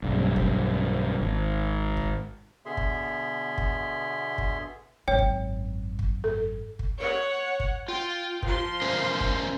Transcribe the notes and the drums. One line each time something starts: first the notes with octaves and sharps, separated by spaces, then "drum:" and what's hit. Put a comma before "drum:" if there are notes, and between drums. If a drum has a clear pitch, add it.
B1 G2
drum: kick
G#1
drum: kick
B2 D3 B3 G#4 E5 C6
drum: kick
drum: kick
drum: kick
G#1 F#2 C#5 G5
drum: kick
drum: kick
A4
drum: kick
C#5 F#5
drum: kick
F4 G5
F3 C6, drum: kick
C#4 A#4 C5
drum: kick